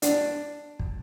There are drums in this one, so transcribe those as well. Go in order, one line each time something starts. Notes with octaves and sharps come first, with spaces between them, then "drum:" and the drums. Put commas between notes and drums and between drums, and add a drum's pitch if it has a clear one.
D4, drum: hi-hat
drum: kick